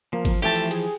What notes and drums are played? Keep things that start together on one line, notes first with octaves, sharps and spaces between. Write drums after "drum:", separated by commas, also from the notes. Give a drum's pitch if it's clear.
F3 A#3
drum: kick G1, cymbal
E3 F3 A3 G4 A5
drum: cymbal
G#4, drum: cymbal